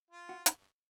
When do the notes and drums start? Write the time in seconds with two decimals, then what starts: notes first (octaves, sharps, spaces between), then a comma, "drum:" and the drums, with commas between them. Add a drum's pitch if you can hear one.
0.11 F4
0.29 F#4
0.46 drum: hi-hat